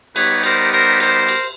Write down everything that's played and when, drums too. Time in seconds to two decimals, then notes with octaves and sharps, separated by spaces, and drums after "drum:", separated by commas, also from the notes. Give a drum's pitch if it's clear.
0.16 G3 B3 D#4 G4 B4 C#5, drum: cymbal
0.43 A#4 C5, drum: cymbal
0.71 A#4 C5
1.00 A#4 C5, drum: cymbal
1.28 drum: cymbal